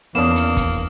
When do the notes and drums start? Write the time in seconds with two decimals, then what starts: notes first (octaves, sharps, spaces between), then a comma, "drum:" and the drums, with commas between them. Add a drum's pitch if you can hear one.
0.15 E2 A#3 B3 C#4 D4 D#6 E7
0.36 drum: hi-hat
0.57 drum: kick, hi-hat